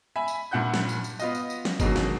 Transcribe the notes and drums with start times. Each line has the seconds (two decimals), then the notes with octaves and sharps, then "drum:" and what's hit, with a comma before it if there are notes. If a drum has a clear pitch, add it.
0.16 E5 G#5 B5
0.28 drum: tambourine
0.51 G2 A#2 E4 F#5 F#6 G6
0.74 drum: snare
0.89 drum: tambourine
1.04 drum: tambourine
1.19 B3 F4 D#5, drum: tambourine
1.35 drum: tambourine
1.50 drum: tambourine
1.65 drum: snare
1.80 B2 D3 D#3 F#3 G#3 A#3, drum: kick G1, tambourine
1.96 drum: snare